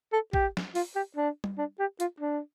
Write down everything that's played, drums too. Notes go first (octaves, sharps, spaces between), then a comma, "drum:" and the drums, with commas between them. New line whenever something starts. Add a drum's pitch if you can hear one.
A4
G4, drum: kick A1
drum: snare
F4, drum: open hi-hat
G4
D4
drum: tom G3
D4
G4
F4, drum: hi-hat
D4